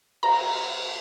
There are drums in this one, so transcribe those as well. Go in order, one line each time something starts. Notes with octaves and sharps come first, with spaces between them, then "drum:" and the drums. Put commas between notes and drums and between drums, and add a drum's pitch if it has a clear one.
A#5, drum: cymbal